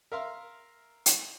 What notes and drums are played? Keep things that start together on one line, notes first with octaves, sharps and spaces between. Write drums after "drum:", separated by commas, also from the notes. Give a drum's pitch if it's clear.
A#4 E5 F5 C6
drum: hi-hat